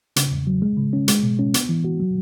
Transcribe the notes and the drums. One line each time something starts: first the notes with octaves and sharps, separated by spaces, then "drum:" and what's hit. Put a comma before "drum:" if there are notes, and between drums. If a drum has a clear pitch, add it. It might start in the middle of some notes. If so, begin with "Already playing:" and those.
C#3, drum: hi-hat
E2
F#3
G#3
C#3
C#4
G#3, drum: hi-hat
B2
C#4
B3, drum: hi-hat
E3
F#4
F#3